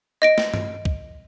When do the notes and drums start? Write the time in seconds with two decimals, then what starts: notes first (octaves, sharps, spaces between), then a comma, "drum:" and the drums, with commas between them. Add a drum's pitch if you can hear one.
0.22 D#5 A#6 D7
0.38 drum: snare
0.54 drum: tom G2
0.85 drum: kick